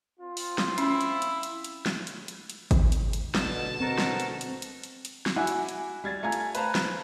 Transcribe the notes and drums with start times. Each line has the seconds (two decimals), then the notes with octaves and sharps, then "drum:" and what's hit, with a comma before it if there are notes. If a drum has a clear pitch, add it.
0.19 C4 F4
0.37 drum: open hi-hat
0.58 drum: snare
0.78 C#4 E4, drum: hi-hat
1.01 drum: hi-hat
1.22 drum: hi-hat
1.43 drum: hi-hat
1.64 drum: hi-hat
1.86 drum: snare
2.07 drum: hi-hat
2.28 drum: hi-hat
2.50 drum: hi-hat
2.71 drum: kick G#1, hi-hat
2.92 drum: hi-hat
3.13 drum: hi-hat
3.35 B2 D3 A5, drum: snare
3.80 C4 F#4 A4 A#4
3.98 drum: snare
4.20 drum: hi-hat
4.41 drum: hi-hat
4.62 drum: hi-hat
4.84 drum: hi-hat
5.05 drum: hi-hat
5.26 drum: snare
5.36 E4 F#4 G#5 D6
5.47 drum: hi-hat
5.69 drum: hi-hat
6.04 G3 G#6 A6
6.23 A3 F4 G#5 A#5 G#6
6.32 drum: hi-hat
6.55 B4 C5 F5 A5 A#5, drum: hi-hat
6.75 drum: snare